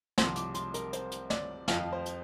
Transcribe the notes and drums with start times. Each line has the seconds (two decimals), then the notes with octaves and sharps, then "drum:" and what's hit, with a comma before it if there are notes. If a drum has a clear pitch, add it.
0.18 C2 C3 F3 C6, drum: snare
0.36 D6, drum: hi-hat
0.54 C6, drum: hi-hat
0.74 A#4, drum: hi-hat
0.93 C5, drum: hi-hat
1.12 drum: hi-hat
1.30 D5, drum: snare
1.68 F2 F3 F5, drum: snare
1.92 C5
2.06 drum: hi-hat